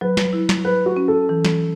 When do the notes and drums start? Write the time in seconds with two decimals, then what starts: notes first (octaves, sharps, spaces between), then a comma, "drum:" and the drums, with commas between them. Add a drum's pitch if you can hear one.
0.01 F#3 B4
0.17 drum: snare
0.33 E4
0.49 drum: snare
0.65 F#3 B4
0.86 F#4
0.97 C#4
1.08 A4
1.29 E3
1.45 drum: snare